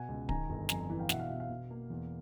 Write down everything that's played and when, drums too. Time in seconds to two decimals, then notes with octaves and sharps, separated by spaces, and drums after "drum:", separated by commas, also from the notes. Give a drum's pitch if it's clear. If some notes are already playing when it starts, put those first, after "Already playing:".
Already playing: B2 F#5 G#5
0.09 C#2
0.29 D#3 G#5 A#5, drum: kick D1
0.50 G1
0.69 F2 G#5 A#5, drum: snare
0.80 G#5 A#5
0.90 E3
0.99 F5 G5
1.09 B2 E5 F#5, drum: snare
1.20 F5
1.29 B2 E5
1.40 F5
1.50 B2
1.71 A#3
1.90 E2